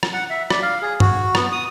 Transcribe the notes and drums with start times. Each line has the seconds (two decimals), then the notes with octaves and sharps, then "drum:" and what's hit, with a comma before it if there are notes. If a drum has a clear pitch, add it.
0.03 drum: rim click
0.13 F#5
0.30 E5
0.50 D5, drum: rim click
0.62 F5
0.82 G#4
1.00 F#4, drum: tom G2
1.35 B3, drum: rim click
1.52 D#6